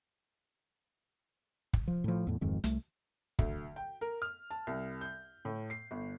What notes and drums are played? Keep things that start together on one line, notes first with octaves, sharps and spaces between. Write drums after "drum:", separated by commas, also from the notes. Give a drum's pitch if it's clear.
drum: kick
F3
A2 F3
E2 A2
D1 F2 G#2 D#3
C2 A3, drum: hi-hat
D2, drum: kick
G5
A#4
F6
A5
C2
G6
A2
C7
G1